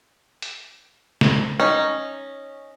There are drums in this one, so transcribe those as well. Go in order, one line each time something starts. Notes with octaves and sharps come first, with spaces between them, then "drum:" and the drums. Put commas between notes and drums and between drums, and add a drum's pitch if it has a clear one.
drum: hi-hat
drum: snare
C#4 D#4